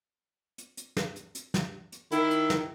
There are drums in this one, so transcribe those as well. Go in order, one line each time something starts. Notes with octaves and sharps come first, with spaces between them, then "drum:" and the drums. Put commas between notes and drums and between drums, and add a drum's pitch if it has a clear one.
drum: hi-hat
drum: hi-hat
drum: snare
drum: hi-hat
drum: hi-hat
drum: snare
drum: hi-hat
D#3 E4, drum: hi-hat
drum: hi-hat
drum: snare